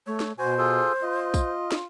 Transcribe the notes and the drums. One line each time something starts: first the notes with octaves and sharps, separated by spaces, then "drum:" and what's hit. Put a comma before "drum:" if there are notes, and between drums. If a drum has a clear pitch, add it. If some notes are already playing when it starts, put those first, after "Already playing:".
A3 C#5
drum: snare
B2 F#4 C5 G#5
F4 G#4 A4
F4 D#5
drum: kick, tambourine
drum: snare